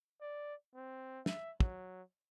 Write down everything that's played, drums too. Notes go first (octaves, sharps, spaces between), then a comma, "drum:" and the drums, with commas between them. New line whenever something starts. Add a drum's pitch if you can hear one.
D5
C4
E5, drum: snare
F#3, drum: kick